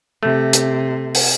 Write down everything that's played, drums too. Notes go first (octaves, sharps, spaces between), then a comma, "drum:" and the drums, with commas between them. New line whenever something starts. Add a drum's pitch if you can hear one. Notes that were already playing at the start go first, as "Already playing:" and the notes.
C3 A3
drum: hi-hat
drum: open hi-hat